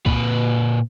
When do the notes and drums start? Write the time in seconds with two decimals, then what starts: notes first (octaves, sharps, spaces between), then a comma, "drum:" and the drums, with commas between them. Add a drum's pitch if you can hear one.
0.06 A#2 B4, drum: kick